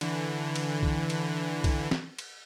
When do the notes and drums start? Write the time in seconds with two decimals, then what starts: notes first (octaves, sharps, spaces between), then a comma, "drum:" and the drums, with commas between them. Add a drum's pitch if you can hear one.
0.01 D3 E3, drum: cymbal
0.55 drum: cymbal
0.83 drum: kick
1.10 drum: cymbal
1.64 drum: kick, cymbal
1.91 drum: snare
2.19 drum: cymbal